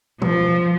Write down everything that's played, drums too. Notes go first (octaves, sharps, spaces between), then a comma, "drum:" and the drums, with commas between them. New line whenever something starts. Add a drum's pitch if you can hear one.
F3, drum: tom